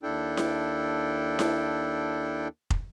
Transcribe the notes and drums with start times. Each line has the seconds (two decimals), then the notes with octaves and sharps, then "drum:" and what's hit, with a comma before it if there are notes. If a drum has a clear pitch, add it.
0.03 D#2 D4 E4 A4 G5
0.37 drum: snare E4
1.39 drum: snare E4
2.70 drum: kick